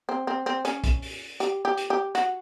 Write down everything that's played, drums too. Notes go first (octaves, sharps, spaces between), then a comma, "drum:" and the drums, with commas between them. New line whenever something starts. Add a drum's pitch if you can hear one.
C4
C4
C4
C#4, drum: hi-hat
drum: kick, hi-hat
drum: open hi-hat
G4, drum: hi-hat
G4
drum: hi-hat
G4
F#4, drum: hi-hat